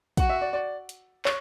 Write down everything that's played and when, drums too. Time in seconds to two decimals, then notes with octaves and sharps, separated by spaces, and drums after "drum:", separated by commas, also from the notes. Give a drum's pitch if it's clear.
0.17 F#4 F#5, drum: kick, hi-hat
0.30 E5
0.41 D5
0.53 D5
0.89 drum: hi-hat
1.25 C#5, drum: clap